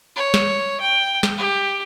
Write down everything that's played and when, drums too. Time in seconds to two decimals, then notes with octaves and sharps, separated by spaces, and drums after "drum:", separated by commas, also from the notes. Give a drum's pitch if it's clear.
0.16 C#5
0.34 drum: snare
0.81 G5
1.23 drum: snare
1.38 G4